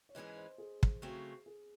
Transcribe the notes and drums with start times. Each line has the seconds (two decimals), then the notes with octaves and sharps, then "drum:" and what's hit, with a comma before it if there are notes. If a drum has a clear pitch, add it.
0.09 C#5
0.15 G#2 E3 G#3 C#4 G#4 D#5
0.37 C5
0.58 G#4
0.83 drum: kick
1.02 C#3 F#3 A3 C4
1.46 G#4